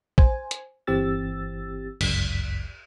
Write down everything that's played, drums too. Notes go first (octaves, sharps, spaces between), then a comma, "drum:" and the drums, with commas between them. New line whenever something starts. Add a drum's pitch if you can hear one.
C5 G#5, drum: kick
drum: hi-hat
G1 E3 C4 G4 E6 A6
G1 C#2 F#2 B6, drum: cymbal